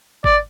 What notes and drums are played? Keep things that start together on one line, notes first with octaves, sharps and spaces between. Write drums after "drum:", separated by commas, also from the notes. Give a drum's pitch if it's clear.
D5, drum: kick G#1